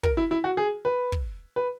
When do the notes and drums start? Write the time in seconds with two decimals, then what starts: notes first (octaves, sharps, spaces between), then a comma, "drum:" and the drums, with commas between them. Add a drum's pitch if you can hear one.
0.03 A#4, drum: kick
0.17 E4
0.31 E4
0.44 F#4
0.57 G#4
0.85 B4
1.12 drum: kick
1.56 B4